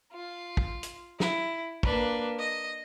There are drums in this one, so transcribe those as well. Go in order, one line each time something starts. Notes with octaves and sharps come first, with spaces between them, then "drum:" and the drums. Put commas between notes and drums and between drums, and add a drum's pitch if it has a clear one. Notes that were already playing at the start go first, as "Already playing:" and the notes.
F4
drum: kick
drum: hi-hat
E4, drum: snare
A#3 D4 B4, drum: kick
D#5